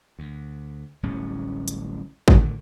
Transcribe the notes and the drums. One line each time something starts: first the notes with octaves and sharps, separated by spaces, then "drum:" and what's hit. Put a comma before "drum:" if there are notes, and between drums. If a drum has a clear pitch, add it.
D2
D1 A1 G3 C#4
drum: hi-hat
A2 D3 D#3, drum: kick